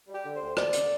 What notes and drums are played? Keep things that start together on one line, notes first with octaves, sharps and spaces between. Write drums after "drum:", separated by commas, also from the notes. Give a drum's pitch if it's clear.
G3
G4
D3
C5
D2
D2 D5, drum: rim click
D3, drum: hi-hat